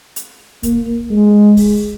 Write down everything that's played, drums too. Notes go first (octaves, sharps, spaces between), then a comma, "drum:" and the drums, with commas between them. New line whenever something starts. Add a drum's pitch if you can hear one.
drum: hi-hat
A#3, drum: kick C2, hi-hat
G#3
drum: kick C2, open hi-hat